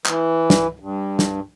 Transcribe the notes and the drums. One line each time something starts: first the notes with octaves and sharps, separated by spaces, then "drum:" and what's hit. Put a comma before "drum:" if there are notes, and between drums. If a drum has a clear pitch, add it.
E3, drum: clap
drum: snare
G2
drum: snare